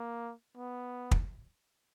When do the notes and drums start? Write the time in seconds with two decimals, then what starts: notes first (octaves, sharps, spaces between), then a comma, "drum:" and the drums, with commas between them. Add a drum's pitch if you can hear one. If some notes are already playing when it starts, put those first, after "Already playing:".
Already playing: A#3
0.57 B3
1.11 drum: kick